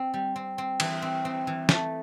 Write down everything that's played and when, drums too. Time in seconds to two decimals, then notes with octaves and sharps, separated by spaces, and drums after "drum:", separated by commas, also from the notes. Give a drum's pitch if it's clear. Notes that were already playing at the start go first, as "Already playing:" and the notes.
Already playing: C4
0.14 G3
0.36 C4
0.58 C4
0.80 E3, drum: cymbal
1.02 C4
1.25 C4
1.47 E3
1.69 A3, drum: snare